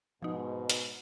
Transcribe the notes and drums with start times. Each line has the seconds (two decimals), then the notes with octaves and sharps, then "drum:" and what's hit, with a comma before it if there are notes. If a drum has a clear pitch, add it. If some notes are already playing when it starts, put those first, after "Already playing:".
0.22 G#2 B2 F3 D#4
0.70 drum: hi-hat